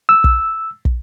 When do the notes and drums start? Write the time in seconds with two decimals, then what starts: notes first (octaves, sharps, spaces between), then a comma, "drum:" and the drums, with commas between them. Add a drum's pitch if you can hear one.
0.09 E6
0.24 drum: kick
0.85 drum: kick